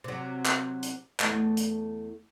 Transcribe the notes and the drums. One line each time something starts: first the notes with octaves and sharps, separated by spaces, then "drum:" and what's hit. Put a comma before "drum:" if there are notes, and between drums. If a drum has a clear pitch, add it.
C3 F#3
drum: clap
drum: hi-hat
E2 A3, drum: clap
drum: hi-hat